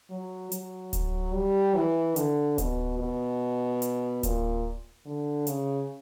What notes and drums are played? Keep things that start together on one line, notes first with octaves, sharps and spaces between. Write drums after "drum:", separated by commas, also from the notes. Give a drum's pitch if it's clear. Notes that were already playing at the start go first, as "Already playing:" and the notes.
F#3
F#3, drum: hi-hat
drum: kick D1, hi-hat
G3
E3
D3, drum: hi-hat
B2, drum: kick D1, hi-hat
B2
drum: hi-hat
A#2, drum: kick D1, hi-hat
D3
C#3, drum: hi-hat